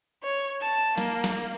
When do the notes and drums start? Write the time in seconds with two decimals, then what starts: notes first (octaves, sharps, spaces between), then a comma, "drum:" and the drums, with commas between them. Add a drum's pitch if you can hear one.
0.23 C#5
0.61 A5
0.98 A#3, drum: snare
1.24 drum: snare